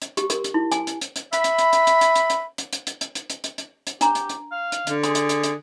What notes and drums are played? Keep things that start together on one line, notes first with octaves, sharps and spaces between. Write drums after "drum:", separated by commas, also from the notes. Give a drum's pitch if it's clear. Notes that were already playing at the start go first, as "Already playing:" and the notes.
drum: hi-hat
G4, drum: hi-hat
A#4, drum: hi-hat
drum: hi-hat
E4
G#5, drum: hi-hat
drum: hi-hat
drum: hi-hat
drum: hi-hat
E5 B5, drum: hi-hat
drum: hi-hat
drum: hi-hat
drum: hi-hat
drum: hi-hat
drum: hi-hat
drum: hi-hat
drum: hi-hat
drum: hi-hat
drum: hi-hat
drum: hi-hat
drum: hi-hat
drum: hi-hat
drum: hi-hat
drum: hi-hat
drum: hi-hat
drum: hi-hat
D4 G4 A#5, drum: hi-hat
drum: hi-hat
drum: hi-hat
F5
drum: hi-hat
D3, drum: hi-hat
G#4 C6, drum: hi-hat
drum: hi-hat
drum: hi-hat
drum: hi-hat